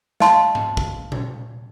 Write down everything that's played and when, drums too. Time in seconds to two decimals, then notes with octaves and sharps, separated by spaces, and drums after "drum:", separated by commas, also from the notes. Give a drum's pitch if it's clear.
0.20 D#5 F5 A5 C6, drum: snare
0.55 drum: tom G#2
0.77 drum: kick
1.12 drum: tom A#2